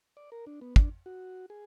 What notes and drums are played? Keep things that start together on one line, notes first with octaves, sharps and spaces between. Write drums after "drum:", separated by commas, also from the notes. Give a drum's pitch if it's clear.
D5
A#4
D4
B3
D4, drum: kick
F#4
G#4